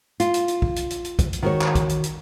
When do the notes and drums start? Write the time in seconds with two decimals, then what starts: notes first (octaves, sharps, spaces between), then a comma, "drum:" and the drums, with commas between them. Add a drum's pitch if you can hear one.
0.20 F4, drum: hi-hat
0.34 drum: hi-hat
0.48 drum: hi-hat
0.62 drum: kick
0.76 drum: hi-hat
0.90 drum: hi-hat
1.05 drum: hi-hat
1.19 drum: kick, hi-hat
1.33 drum: hi-hat
1.43 D#3 F#4 C#5
1.61 drum: clap
1.75 drum: kick, hi-hat
1.89 drum: hi-hat
2.04 drum: hi-hat